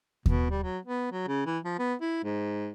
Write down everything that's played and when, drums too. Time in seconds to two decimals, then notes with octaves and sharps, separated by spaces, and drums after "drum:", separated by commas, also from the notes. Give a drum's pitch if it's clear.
0.26 B2, drum: kick D#2
0.51 G3
0.63 F#3
0.86 B3
1.12 F#3
1.27 C#3
1.46 E3
1.65 F3
1.79 B3
2.01 E4
2.24 G#2